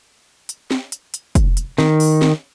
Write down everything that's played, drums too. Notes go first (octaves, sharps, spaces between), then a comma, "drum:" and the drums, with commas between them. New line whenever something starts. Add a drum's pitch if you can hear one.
drum: hi-hat
drum: snare
drum: hi-hat
drum: hi-hat
drum: kick, hi-hat
drum: hi-hat
D#3, drum: snare
drum: open hi-hat
drum: snare